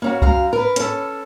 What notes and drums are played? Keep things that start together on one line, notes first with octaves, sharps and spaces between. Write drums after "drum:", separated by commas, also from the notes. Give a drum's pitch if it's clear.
A#3 C#4 F#4
F#2 F5 A#5, drum: kick C2
A#4 B4
C#4 A4, drum: hi-hat